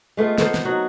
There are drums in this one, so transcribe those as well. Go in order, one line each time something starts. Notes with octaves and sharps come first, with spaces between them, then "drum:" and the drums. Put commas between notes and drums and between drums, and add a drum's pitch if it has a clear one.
G#3 A3 B3 F4
A#3 B3 A4 C5, drum: snare
drum: snare
F#3 D#4 F#4